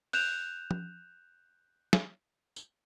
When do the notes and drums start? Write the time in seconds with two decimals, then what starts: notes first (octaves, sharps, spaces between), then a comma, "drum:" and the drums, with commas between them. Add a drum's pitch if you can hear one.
0.13 F#6 G6 E7 F7, drum: open hi-hat
0.71 drum: tom
1.93 drum: snare
2.56 drum: tambourine